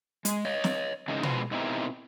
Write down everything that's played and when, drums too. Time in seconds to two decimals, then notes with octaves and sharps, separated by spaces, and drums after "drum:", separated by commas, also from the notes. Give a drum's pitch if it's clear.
0.25 G#3, drum: hi-hat
0.45 C#5 D#5
0.64 drum: snare
1.08 C#3 E3 G#3 A#3 D#4
1.23 B2 F3 G#3 F#4 B4 C5, drum: tom B2
1.51 B2 C4 D#4 E4 G4 A#4